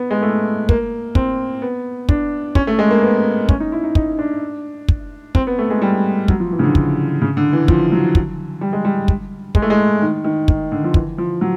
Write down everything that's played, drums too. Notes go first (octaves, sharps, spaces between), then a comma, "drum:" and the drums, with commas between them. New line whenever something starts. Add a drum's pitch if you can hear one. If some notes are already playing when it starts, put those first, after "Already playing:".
Already playing: B3
G#3
A3
A#3, drum: kick
C4, drum: kick
B3
D4, drum: kick
C#4, drum: kick
A3
G#3
A#3
B3
C#4, drum: kick
D#4
E4
D#4
D#4, drum: kick
D4
drum: kick
C4, drum: kick
B3
A3
G#3
G3
F#3, drum: kick
F3
E3
C#3
D3
drum: kick
C#3
D3
E3
F3, drum: kick
F#3
drum: kick
G3
G#3
G3
drum: kick
G#3, drum: kick
A3
G#3
D#3
D#3
D#3, drum: kick
D3
F3
E3, drum: kick
F3
F#3